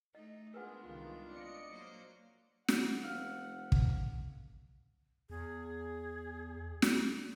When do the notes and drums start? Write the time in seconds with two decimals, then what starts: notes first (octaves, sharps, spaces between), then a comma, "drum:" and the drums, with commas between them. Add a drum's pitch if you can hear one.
0.15 A3 D#4 D#5
0.54 G#3 B3 D4 F4 G#4 A#4 B4 F#5
0.83 C2 D#3 F4
1.29 D5 D#5 C#7
1.68 F#3 A#3 C5
2.68 C#2 F#5, drum: snare
3.04 F1 F5 E6 F6
3.72 drum: kick
5.30 E2 G#4
6.82 drum: snare